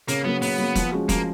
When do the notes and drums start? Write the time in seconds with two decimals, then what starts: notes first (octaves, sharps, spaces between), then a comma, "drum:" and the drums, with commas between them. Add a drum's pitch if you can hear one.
0.08 C#3 A#3, drum: hi-hat
0.24 F#3 A#3 B3
0.42 C#3 B3, drum: open hi-hat
0.58 F#3 A#3
0.75 F3, drum: kick F1, hi-hat
0.92 G#3 C#4 F#4
1.09 F3 A#3, drum: kick F1, hi-hat